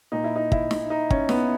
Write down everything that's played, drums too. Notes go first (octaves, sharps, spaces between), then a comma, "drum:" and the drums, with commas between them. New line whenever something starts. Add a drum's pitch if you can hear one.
A#2 D#4
E4
D#4
E4, drum: kick
drum: snare
D#4
C#4, drum: kick
B3, drum: snare